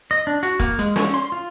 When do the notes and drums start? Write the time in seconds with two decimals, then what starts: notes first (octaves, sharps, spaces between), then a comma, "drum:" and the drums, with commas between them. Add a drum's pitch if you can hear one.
0.11 D#5
0.27 D4
0.43 F#4, drum: hi-hat
0.59 A#3, drum: kick E1, hi-hat
0.79 G#3, drum: hi-hat
0.96 C#4, drum: snare
1.14 C6
1.32 F4